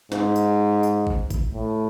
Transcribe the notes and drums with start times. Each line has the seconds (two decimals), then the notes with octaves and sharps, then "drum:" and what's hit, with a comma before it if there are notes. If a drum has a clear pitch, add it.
0.12 G#2, drum: snare
0.36 drum: tambourine
0.83 drum: tambourine
1.07 drum: kick
1.30 drum: kick, tambourine
1.54 A2